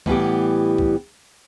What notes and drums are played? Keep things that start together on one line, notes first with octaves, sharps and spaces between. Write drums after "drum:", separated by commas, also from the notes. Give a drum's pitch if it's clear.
A2 E3 G3 B3 G4, drum: kick
drum: kick